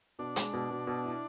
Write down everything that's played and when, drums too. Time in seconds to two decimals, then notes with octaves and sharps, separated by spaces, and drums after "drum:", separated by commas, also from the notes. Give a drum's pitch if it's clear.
0.19 B2 D4
0.36 G#3, drum: hi-hat
0.53 B2
0.71 B2
0.87 B2
1.05 E4